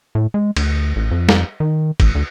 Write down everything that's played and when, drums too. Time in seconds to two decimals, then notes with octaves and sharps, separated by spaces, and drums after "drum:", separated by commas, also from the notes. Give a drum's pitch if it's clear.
0.15 A2
0.34 G#3
0.56 D2, drum: cymbal
0.96 A1
1.11 F2
1.29 drum: snare
1.60 D#3
2.00 A1, drum: kick F#1, cymbal
2.15 D2